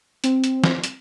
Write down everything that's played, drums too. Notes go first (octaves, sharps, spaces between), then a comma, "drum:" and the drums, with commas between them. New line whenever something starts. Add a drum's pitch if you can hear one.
C4, drum: hi-hat
drum: hi-hat
drum: snare
drum: hi-hat